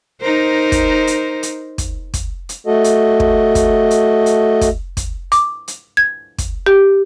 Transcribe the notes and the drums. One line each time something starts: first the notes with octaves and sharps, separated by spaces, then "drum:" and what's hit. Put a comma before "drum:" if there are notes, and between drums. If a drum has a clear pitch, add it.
D#4 A#4 C5
drum: kick, hi-hat
drum: hi-hat
drum: hi-hat
drum: kick, hi-hat
drum: kick, hi-hat
drum: hi-hat
A3 F#4 A4 D#5
drum: hi-hat
drum: kick
drum: kick, hi-hat
drum: hi-hat
drum: hi-hat
drum: kick, hi-hat
drum: kick, hi-hat
D6, drum: hi-hat
drum: hi-hat
G#6
drum: kick, hi-hat
G4